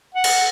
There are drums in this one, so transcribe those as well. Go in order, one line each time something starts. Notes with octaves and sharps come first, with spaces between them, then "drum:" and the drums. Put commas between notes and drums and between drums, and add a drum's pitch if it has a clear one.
F#5
drum: cymbal